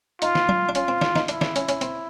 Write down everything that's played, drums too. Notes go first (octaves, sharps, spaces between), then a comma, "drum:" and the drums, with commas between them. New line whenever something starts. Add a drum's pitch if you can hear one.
D#4 F4, drum: hi-hat
drum: snare
D4, drum: tom
D4
C#4 F4, drum: hi-hat
C4
D4, drum: snare
D#4, drum: snare
D4 E4, drum: hi-hat
D4, drum: snare
C#4, drum: hi-hat
C#4, drum: hi-hat
C4, drum: hi-hat